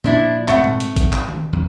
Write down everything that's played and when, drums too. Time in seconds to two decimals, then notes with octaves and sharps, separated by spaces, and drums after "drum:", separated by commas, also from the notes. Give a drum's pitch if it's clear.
0.04 A#2 F3 D4 E4
0.48 G#2 A3 C4 F#5, drum: clap
0.64 drum: tom A#2
0.80 drum: hi-hat
0.96 drum: kick, hi-hat
1.13 drum: clap
1.29 drum: tom D#3
1.53 E2